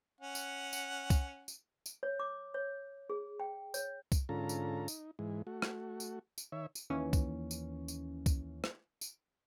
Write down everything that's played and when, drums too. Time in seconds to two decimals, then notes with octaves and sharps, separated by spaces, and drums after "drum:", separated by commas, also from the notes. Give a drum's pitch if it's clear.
0.21 C#4 F#5
0.35 drum: tambourine
0.73 drum: tambourine
1.10 drum: kick C2, tambourine
1.48 drum: tambourine
1.86 drum: tambourine
2.03 C#5
2.19 D6
2.54 C#5
3.10 G#4
3.40 G5
3.74 C#5, drum: tambourine
4.12 drum: kick C2, tambourine
4.29 G#2 D3 C#4 F4 A4 A#5
4.49 drum: tambourine
4.88 D#4, drum: tambourine
5.19 G#2 E3 G#3
5.47 A3 F#4
5.62 drum: rim click
6.00 drum: tambourine
6.38 drum: tambourine
6.52 D#3 C#5 E5
6.75 drum: tambourine
6.90 D#2 E3 C#4
7.13 drum: kick C2, tambourine
7.51 drum: tambourine
7.88 drum: tambourine
8.26 drum: kick C2, tambourine
8.64 drum: rim click
9.01 drum: tambourine